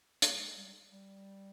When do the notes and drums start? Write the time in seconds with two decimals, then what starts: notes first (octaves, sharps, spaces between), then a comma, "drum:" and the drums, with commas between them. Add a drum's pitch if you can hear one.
0.22 A#3, drum: hi-hat
0.33 G3
0.40 G#3
0.56 G3
0.90 G3